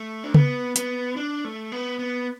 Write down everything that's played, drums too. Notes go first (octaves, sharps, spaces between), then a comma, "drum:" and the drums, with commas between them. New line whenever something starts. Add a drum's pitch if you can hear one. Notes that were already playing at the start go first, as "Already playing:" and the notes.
Already playing: A3
D4
B3, drum: tom C#3
B3, drum: hi-hat
D4
A3
B3
B3